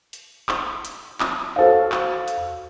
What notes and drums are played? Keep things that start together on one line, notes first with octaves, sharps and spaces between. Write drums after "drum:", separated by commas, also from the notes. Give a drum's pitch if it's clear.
drum: hi-hat
drum: clap
drum: hi-hat
drum: clap
F#4 A4 C5 F5
drum: clap
drum: hi-hat